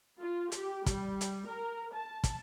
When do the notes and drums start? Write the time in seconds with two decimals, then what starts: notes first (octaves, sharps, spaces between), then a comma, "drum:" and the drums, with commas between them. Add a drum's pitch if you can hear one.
0.20 F4
0.52 G4, drum: hi-hat
0.86 G3, drum: kick, hi-hat
1.21 drum: hi-hat
1.47 A#4
1.94 A5
2.24 drum: kick, hi-hat